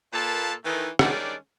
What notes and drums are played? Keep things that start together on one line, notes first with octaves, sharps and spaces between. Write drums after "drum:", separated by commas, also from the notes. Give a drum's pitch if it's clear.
A#2 A#3 F4 A4 B4 A5
D#3 E3 A3
D#3 G3 G#3 C#4 D4 D5, drum: rim click